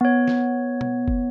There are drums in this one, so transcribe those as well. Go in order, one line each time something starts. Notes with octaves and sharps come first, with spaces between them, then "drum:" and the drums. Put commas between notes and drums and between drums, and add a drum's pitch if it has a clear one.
B3 C#5
drum: snare
drum: tom B2
drum: kick